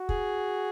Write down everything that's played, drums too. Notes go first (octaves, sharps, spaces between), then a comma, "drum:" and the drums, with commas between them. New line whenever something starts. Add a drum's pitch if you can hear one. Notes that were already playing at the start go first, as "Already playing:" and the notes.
Already playing: F#4
G#4, drum: kick